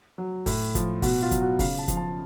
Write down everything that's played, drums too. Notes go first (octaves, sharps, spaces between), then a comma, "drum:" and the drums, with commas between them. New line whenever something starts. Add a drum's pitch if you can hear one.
F#3
A2, drum: kick, open hi-hat
F3, drum: kick, hi-hat
B2 F#4, drum: kick, open hi-hat
F4
F#3, drum: kick, hi-hat
F#4
C#3 F5, drum: kick, open hi-hat
A5
F3, drum: kick, hi-hat
A5